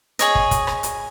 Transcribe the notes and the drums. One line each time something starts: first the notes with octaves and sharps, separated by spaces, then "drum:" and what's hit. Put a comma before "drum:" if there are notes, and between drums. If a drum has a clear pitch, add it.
G#4 C#5 D#5, drum: hi-hat
drum: kick
drum: kick, hi-hat
drum: rim click
drum: hi-hat